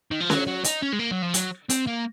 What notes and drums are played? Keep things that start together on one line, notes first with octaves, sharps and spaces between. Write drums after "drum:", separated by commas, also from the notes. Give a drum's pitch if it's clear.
D#3
F3
F#3, drum: snare C#4
F#3
D#4, drum: hi-hat
C#4
G#3
A#3
F#3
F3
F#3, drum: hi-hat
C4, drum: hi-hat
A#3